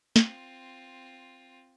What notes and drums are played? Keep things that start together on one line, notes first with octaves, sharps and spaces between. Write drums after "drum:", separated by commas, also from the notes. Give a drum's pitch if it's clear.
C4 F4, drum: snare